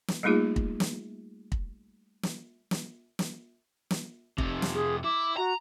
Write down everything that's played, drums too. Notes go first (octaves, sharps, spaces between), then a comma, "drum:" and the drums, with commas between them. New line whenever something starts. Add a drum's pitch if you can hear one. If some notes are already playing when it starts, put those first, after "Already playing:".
drum: snare
G3 A3 A#3 D#4 F4 G#4
drum: kick
drum: snare
drum: kick
drum: snare
drum: snare
drum: snare
drum: snare
F2 C3, drum: kick
drum: snare
G#4
E4 D6
F#4 A#5